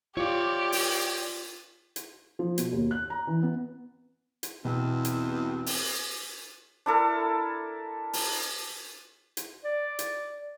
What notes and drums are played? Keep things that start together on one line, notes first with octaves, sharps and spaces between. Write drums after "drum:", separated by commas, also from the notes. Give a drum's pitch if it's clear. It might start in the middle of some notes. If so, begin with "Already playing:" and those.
F4 G4 C#5 D5
drum: open hi-hat
drum: hi-hat
F3
B2, drum: hi-hat
D#2
F#6
A#5
E3
B3
drum: hi-hat
E2 B2 C4
drum: hi-hat
drum: open hi-hat
D4 E4 A4 A#4
drum: open hi-hat
drum: hi-hat
D5
drum: hi-hat